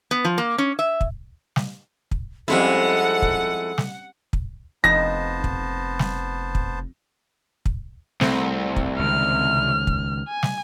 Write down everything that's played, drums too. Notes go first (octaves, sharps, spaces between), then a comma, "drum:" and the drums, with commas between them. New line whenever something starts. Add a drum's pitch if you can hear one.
B3
F3
A#3
C#4
E5
drum: kick
drum: snare
drum: kick
F2 G3 G#3 C4 C#4 E4 A4 F#5
drum: kick
drum: snare
drum: kick
F1 F2 B3 D#4 C5 A5 A#6
drum: kick
drum: snare
drum: kick
drum: kick
C2 A3 C4, drum: snare
drum: kick
C#2 D#3 F6
drum: kick
G#5
drum: snare